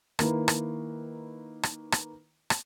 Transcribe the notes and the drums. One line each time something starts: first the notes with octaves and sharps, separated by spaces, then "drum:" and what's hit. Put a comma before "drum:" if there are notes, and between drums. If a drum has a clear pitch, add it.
D#3 A#3 E4 B4, drum: rim click
drum: rim click
drum: rim click
drum: rim click
drum: rim click